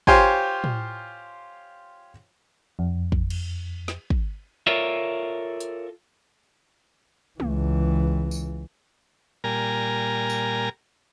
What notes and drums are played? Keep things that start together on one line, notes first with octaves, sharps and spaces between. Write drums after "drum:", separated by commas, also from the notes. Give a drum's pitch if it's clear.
F4 G4 C5 C#5 G#5 C6, drum: kick
drum: tom A2
F2
drum: kick
drum: cymbal
drum: snare
drum: kick
F4 A4 A#4 C#5 D5 E5
drum: hi-hat
C#2 E3, drum: tom G#3
drum: tambourine
A#2 G3 A#4 G#5 A#5
drum: tambourine